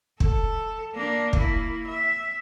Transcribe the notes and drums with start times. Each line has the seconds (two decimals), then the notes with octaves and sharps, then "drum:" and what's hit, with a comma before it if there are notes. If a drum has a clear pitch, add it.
0.20 A4, drum: kick
0.95 A#3 D4
1.33 A#3 E4, drum: kick
1.87 E5